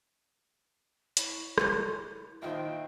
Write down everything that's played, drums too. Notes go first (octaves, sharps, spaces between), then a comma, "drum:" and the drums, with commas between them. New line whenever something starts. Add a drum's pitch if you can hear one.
E4 C#5 B5, drum: hi-hat
drum: rim click
A#1 D#3 F4 C5 D#5 E5 G5